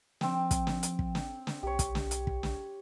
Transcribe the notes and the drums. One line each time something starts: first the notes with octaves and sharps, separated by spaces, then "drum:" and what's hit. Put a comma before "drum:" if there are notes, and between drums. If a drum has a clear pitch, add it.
F3 C4 G5, drum: snare
drum: kick, hi-hat
drum: snare
drum: hi-hat
drum: kick
drum: snare
drum: snare
B1 G4 C#5
drum: kick, hi-hat
drum: snare
drum: hi-hat
drum: kick
drum: snare